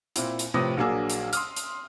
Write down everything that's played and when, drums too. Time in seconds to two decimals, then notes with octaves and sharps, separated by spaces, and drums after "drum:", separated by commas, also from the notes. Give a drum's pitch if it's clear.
0.16 A#2 C4 E4, drum: hi-hat
0.39 drum: hi-hat
0.54 A2 C3 F3 B4 D#6 A#6
0.77 A#1 F#3 A#3 D4 G#4 E6
1.10 drum: hi-hat
1.33 C6 D#6 F6, drum: hi-hat
1.57 drum: hi-hat